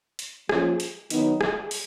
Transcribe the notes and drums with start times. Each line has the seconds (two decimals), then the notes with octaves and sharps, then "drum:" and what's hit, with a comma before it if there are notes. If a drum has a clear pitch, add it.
0.19 drum: hi-hat
0.49 F3 A#3 C#4 F4, drum: rim click
0.80 drum: hi-hat
1.10 D#3 F#3 B3 D#4, drum: hi-hat
1.41 drum: rim click
1.71 drum: open hi-hat